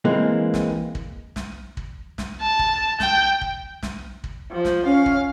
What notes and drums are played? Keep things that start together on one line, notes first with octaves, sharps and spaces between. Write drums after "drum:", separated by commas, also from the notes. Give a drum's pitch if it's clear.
E3 G#3 A#3 C4
drum: snare
drum: kick
drum: snare
drum: kick
drum: snare
A5
drum: kick
G5, drum: snare
drum: kick
drum: snare
drum: kick
F3
drum: snare
C#4 F5
drum: kick